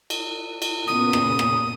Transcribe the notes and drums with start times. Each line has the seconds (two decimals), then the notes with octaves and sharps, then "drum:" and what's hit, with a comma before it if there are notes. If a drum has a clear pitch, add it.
0.10 drum: cymbal
0.62 drum: cymbal
0.87 A#2 C#3 B3 D#6
1.13 drum: rim click
1.39 drum: rim click